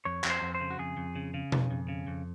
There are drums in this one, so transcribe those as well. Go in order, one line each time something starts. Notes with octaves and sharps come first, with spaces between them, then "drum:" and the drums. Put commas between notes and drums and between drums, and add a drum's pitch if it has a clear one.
F2 C#5
F2, drum: clap
C5
F2
C5
C#3
F#4
F2 G#4
F2
C#3
C#3
F2, drum: tom B2
F2
C#3
F2